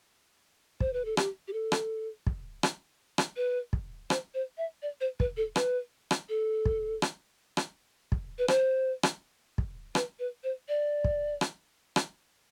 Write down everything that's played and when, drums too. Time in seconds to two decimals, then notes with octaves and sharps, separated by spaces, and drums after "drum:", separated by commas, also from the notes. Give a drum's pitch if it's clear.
0.80 C5, drum: kick
0.93 B4
1.05 A4
1.17 G4, drum: rim click
1.48 G4
1.53 A4
1.72 drum: rim click
2.27 drum: kick
2.63 drum: rim click
3.18 drum: rim click
3.37 B4
3.73 drum: kick
4.10 C5, drum: rim click
4.34 C5
4.58 E5
4.82 D5
5.01 C5
5.20 B4, drum: kick
5.37 A4
5.56 B4, drum: rim click
6.11 drum: rim click
6.29 A4
6.65 drum: kick
7.02 drum: rim click
7.57 drum: rim click
8.12 drum: kick
8.38 B4
8.48 C5, drum: rim click
9.03 drum: rim click
9.58 drum: kick
9.95 B4, drum: rim click
10.19 B4
10.44 C5
10.68 D5
11.04 drum: kick
11.41 drum: rim click
11.96 drum: rim click